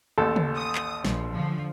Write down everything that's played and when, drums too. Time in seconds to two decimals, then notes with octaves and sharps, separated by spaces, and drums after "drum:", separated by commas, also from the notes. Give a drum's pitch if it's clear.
0.18 A1 D#2 A4
0.36 drum: tom C#3
0.57 D#6
0.75 drum: clap
1.05 A#1 F3, drum: snare
1.33 D3 F3